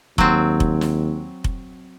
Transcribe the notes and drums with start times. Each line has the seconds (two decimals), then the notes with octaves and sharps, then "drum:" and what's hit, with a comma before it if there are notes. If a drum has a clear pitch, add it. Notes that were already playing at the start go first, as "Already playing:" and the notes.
0.18 D#2 F#3 C4, drum: kick F1
0.60 drum: kick F1
0.81 drum: snare
1.44 drum: kick F1